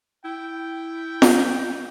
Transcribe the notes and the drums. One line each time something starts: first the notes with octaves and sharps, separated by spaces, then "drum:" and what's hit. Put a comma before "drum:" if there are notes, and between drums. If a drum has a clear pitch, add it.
E4 G5
drum: snare F4